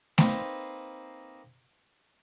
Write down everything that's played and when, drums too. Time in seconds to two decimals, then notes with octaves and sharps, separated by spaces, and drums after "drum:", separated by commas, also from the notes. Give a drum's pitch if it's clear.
0.18 A#3 C4 D#4 B4 C5, drum: snare A3